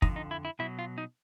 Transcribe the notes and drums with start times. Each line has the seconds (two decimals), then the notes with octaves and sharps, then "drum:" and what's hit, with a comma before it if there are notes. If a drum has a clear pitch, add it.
0.02 F2 D3 F3 D#4, drum: kick
0.16 D#4
0.31 E4
0.45 E4
0.59 B2 F#3 E4
0.79 F4
0.98 D#4